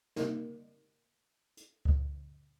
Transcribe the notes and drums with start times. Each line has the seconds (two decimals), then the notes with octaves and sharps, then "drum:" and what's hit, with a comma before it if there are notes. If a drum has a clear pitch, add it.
0.16 C3 G3 A#3 D#4, drum: snare
1.57 drum: hi-hat
1.85 drum: kick C#2